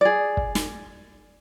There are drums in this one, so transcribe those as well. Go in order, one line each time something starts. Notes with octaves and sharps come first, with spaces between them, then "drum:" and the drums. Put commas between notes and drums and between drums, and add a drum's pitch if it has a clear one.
G#4 D5
drum: kick
drum: snare